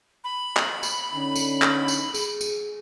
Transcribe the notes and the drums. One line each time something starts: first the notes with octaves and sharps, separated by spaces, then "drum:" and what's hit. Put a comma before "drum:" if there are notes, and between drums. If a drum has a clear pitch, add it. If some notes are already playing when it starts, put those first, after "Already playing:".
B5
drum: clap
drum: tambourine
D3 C#4 D#4
drum: tambourine
drum: clap
drum: tambourine
G#4, drum: tambourine
drum: tambourine